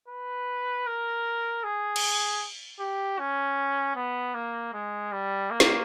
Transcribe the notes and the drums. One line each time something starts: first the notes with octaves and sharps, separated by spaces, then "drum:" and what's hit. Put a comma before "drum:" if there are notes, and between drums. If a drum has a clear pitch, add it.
B4
A#4
G#4
drum: cymbal
G4
C#4
B3
A#3
G#3
G3
A#3
drum: snare